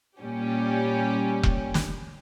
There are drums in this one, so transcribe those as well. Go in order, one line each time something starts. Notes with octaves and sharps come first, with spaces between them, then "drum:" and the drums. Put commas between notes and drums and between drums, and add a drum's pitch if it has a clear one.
A#2 G3 C#4 G4
drum: kick E1
drum: snare